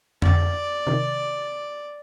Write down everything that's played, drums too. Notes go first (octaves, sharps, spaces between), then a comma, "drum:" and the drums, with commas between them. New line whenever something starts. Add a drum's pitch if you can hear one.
D5, drum: tom F2
C3 D#3